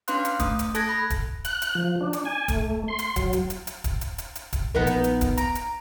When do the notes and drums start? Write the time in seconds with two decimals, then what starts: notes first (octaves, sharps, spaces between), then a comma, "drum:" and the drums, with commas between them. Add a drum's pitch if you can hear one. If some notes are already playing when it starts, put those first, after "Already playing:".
0.08 C#4 D4 B4 F5 C6 F#6, drum: hi-hat
0.25 drum: hi-hat
0.39 A3 D#6, drum: kick, hi-hat
0.59 drum: hi-hat
0.75 A4 A5 F#6 G#6 A#6, drum: hi-hat
0.89 B5 A#6
1.10 drum: kick, hi-hat
1.45 F#6, drum: hi-hat
1.62 drum: hi-hat
1.75 F3
2.01 D4
2.13 drum: hi-hat
2.25 G#5
2.48 A3, drum: kick, hi-hat
2.88 C6
2.99 drum: hi-hat
3.16 F#3, drum: kick, hi-hat
3.33 drum: hi-hat
3.50 drum: hi-hat
3.67 drum: hi-hat
3.84 drum: kick, hi-hat
4.01 drum: hi-hat
4.18 drum: hi-hat
4.35 drum: hi-hat
4.53 drum: kick, hi-hat
4.75 A#1 B3 D#4 A#4 F#5
4.87 drum: hi-hat
5.04 drum: hi-hat
5.21 drum: kick, hi-hat
5.37 A#5 D7, drum: hi-hat
5.55 drum: hi-hat